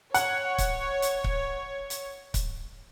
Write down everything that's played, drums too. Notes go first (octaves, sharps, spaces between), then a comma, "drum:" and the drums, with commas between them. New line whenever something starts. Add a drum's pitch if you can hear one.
C#5 F#5, drum: hi-hat
drum: kick C#1, hi-hat
drum: hi-hat
drum: kick C#1
drum: hi-hat
drum: kick C#1, hi-hat